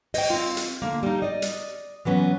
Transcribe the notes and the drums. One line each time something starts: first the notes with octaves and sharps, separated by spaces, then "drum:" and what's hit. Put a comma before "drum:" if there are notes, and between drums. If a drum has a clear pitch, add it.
D#5 G5, drum: open hi-hat
C4 F4
drum: hi-hat
D3 A#3
G3 D#4
D5 D#5
drum: hi-hat
E3 F#3 B3 C#4